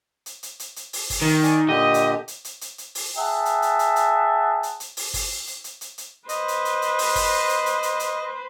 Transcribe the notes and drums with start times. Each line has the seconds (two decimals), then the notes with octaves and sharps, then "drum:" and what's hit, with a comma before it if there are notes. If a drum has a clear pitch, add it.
0.26 drum: hi-hat
0.43 drum: hi-hat
0.59 drum: hi-hat
0.76 drum: hi-hat
0.93 drum: open hi-hat
1.10 drum: kick G1, open hi-hat
1.22 D#3
1.44 D5 G#5, drum: hi-hat
1.69 A#2 D3 G4 D#5
1.94 drum: hi-hat
2.28 drum: hi-hat
2.45 drum: hi-hat
2.61 drum: hi-hat
2.78 drum: hi-hat
2.95 drum: open hi-hat
3.16 G#4 E5 F#5 G5 A5
3.45 drum: hi-hat
3.62 drum: hi-hat
3.79 drum: hi-hat
3.96 drum: hi-hat
4.63 drum: hi-hat
4.80 drum: hi-hat
4.97 drum: open hi-hat
5.14 drum: kick G1, open hi-hat
5.47 drum: hi-hat
5.64 drum: hi-hat
5.81 drum: hi-hat
5.98 drum: hi-hat
6.29 B4 C5 D#5, drum: hi-hat
6.48 drum: hi-hat
6.65 drum: hi-hat
6.82 drum: hi-hat
6.99 drum: open hi-hat
7.15 drum: kick G1, open hi-hat
7.49 drum: hi-hat
7.66 drum: hi-hat
7.83 drum: hi-hat
8.00 drum: hi-hat